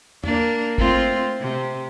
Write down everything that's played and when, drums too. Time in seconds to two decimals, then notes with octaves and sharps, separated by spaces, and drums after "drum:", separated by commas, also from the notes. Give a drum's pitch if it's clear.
0.24 A#3 D4, drum: tom E2
0.78 A3 C4 F4, drum: kick
1.40 C3